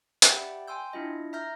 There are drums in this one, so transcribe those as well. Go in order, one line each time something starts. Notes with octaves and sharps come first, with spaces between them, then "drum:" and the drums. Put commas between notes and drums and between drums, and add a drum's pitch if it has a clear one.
G4 D5 E5 F#5 G5 B5, drum: hi-hat
G5 G#5 C6 E6 G6
D4 E4 F4 D#5
E5 A#5 F6 G6 A#6